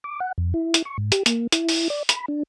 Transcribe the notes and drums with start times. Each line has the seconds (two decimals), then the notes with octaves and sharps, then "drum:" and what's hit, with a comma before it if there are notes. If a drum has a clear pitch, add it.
0.04 D6
0.20 F#5
0.38 F2
0.54 E4
0.74 drum: hi-hat
0.85 C#6
0.98 G#2
1.12 G4, drum: hi-hat
1.26 A#3, drum: hi-hat
1.52 E4, drum: hi-hat
1.69 drum: open hi-hat
1.90 D5
2.09 B5, drum: hi-hat
2.28 D4